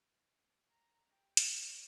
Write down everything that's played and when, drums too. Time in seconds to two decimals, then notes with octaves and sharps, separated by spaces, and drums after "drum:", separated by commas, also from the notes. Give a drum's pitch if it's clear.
0.68 A#5
1.09 G4
1.37 drum: hi-hat
1.52 C#5